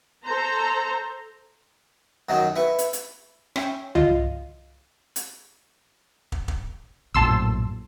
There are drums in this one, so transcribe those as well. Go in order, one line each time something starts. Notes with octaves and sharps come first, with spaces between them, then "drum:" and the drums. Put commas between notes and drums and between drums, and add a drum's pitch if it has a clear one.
A4 C5 A#5
F#2 D#3 F#3 D#4
E4 B4 C#6
drum: hi-hat
drum: hi-hat
C#4 E5 G5, drum: rim click
F4 D#5, drum: tom C2
drum: hi-hat
drum: kick
drum: kick
A#1 F#2 A2 A5 C6 E6